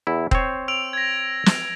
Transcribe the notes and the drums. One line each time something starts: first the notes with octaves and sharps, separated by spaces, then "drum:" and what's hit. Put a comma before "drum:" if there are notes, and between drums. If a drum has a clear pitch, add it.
E2 E4
C4 C5 C#5, drum: kick E1
E6 D7 F7
G#6 A#6
drum: snare